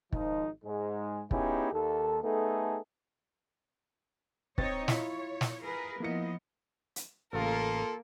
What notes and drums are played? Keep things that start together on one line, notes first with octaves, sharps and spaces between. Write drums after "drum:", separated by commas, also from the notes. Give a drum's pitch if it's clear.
G#1 F3 D#4, drum: kick
G#2 G#3
B3 C#4 D#4 E4 G4 G#4, drum: kick
D#2 A4
A3 B3 D#4 G#4 A4
C4 D#4 C#5 D#5 A6, drum: kick
E4 F4 C#5 B6, drum: snare
drum: snare
G#4 A#4 B4
F3 A#3 B3 E4 D#5 C#7
drum: hi-hat
A1 C#3 A#3 F4 A4 A#4